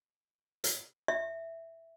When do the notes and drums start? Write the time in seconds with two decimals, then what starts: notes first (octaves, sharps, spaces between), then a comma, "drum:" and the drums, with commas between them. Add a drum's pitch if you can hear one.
0.64 drum: hi-hat
1.08 E5